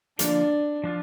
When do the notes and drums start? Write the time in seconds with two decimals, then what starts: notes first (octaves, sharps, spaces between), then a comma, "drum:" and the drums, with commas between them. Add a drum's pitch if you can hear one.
0.19 D3 F3 A#3 D4 F4, drum: hi-hat
0.84 F3 D4 F4